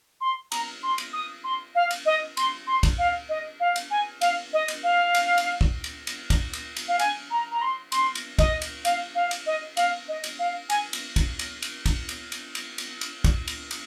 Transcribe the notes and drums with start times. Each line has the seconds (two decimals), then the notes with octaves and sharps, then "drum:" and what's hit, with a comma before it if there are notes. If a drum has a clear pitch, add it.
0.21 C6
0.52 A#5, drum: cymbal
0.83 C6
0.98 drum: cymbal
1.13 D#6
1.44 C6
1.75 F5
1.91 drum: cymbal
2.06 D#5
2.37 C6, drum: cymbal
2.67 C6
2.83 drum: kick, cymbal
2.99 F5
3.29 D#5
3.60 F5
3.76 drum: cymbal
3.91 G#5
4.21 F5, drum: cymbal
4.53 D#5
4.68 drum: cymbal
4.84 F5
5.15 drum: cymbal
5.38 drum: cymbal
5.61 drum: kick
5.84 drum: cymbal
6.07 drum: cymbal
6.30 drum: kick, cymbal
6.53 drum: cymbal
6.77 drum: cymbal
6.89 F5
6.99 G#5, drum: cymbal
7.31 A#5
7.52 A#5
7.62 C6
7.92 C6, drum: cymbal
8.15 drum: cymbal
8.39 D#5, drum: kick, cymbal
8.62 drum: cymbal
8.85 F5, drum: cymbal
9.15 F5
9.31 drum: cymbal
9.47 D#5
9.77 F5, drum: cymbal
10.08 D#5
10.24 drum: cymbal
10.39 F5
10.70 G#5, drum: cymbal
10.93 drum: cymbal
11.16 drum: kick, cymbal
11.39 drum: cymbal
11.62 drum: cymbal
11.86 drum: kick, cymbal
12.09 drum: cymbal
12.32 drum: cymbal
12.55 drum: cymbal
12.78 drum: cymbal
13.01 drum: cymbal
13.24 drum: kick, cymbal
13.48 drum: cymbal
13.71 drum: cymbal